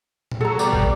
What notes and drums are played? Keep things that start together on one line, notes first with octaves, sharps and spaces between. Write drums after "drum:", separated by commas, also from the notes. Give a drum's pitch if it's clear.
drum: tom A#2
F#3 A4 A#5
B2 G3 D5, drum: tambourine
drum: kick